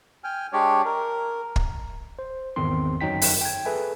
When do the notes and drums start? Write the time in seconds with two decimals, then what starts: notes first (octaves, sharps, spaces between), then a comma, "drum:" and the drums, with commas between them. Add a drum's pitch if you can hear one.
0.24 G5 G#5 F6
0.53 G#3 D4 G4 C#5 D5
0.85 A#4
1.56 drum: kick
2.19 C5
2.56 G#1 E2 D#3 C4 C6
3.01 G1 F#2 F#3 D#4 G5 B6
3.22 drum: open hi-hat
3.41 G5 G#6
3.65 G#4 A4 B4 E5 G#5